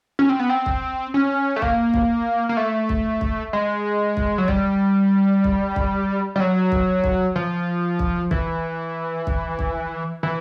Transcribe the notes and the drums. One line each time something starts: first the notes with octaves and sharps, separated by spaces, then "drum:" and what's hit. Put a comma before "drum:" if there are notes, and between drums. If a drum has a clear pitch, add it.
C#4
C4
B3
C4
drum: kick B1
C#4
A3
A#3, drum: kick B1
drum: kick B1
A#3
A3
drum: kick B1
drum: kick B1
G#3
drum: kick B1
F#3
G3, drum: kick B1
drum: kick B1
drum: kick B1
G3
F#3
drum: kick B1
drum: kick B1
F3
drum: kick B1
E3, drum: kick B1
drum: kick B1
drum: kick B1
E3